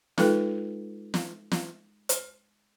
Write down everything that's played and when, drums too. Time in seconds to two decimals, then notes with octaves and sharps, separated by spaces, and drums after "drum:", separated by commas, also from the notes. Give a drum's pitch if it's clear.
0.18 G#3 D#4 F4 A4 B4 G5, drum: snare
1.14 drum: snare
1.52 drum: snare
2.09 drum: hi-hat